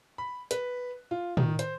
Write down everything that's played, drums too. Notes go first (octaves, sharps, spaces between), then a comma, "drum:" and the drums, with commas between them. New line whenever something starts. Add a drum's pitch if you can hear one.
B5
B4, drum: hi-hat
F4
D#3, drum: tom
C5, drum: hi-hat